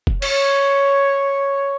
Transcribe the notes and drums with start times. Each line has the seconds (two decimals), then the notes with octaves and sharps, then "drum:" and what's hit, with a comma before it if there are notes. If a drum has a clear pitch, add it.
0.07 drum: kick F1
0.22 C#5, drum: cymbal